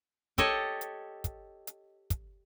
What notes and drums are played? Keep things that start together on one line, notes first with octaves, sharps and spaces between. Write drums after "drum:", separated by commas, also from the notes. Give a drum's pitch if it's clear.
G4 A4 C#5 D#5, drum: kick, hi-hat
drum: hi-hat
drum: kick, hi-hat
drum: hi-hat
drum: kick, hi-hat